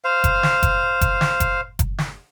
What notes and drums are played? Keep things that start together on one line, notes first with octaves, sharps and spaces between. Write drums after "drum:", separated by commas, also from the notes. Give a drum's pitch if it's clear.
C5 F5
drum: kick F#1, hi-hat
drum: snare
drum: kick F#1, hi-hat
drum: kick F#1, hi-hat
drum: snare
drum: kick F#1, hi-hat
drum: kick F#1, hi-hat
drum: snare